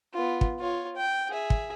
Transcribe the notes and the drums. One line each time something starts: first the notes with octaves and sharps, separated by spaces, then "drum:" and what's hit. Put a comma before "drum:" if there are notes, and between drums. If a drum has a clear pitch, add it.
B3 F4
drum: kick
F4 C#5
G5
G#4 E5
drum: kick